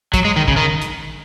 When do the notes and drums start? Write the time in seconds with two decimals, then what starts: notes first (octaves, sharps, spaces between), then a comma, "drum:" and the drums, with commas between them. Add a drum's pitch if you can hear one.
0.14 F#3, drum: kick, hi-hat
0.25 G#3
0.36 D#3
0.48 C#3, drum: kick
0.56 D#3
0.82 drum: hi-hat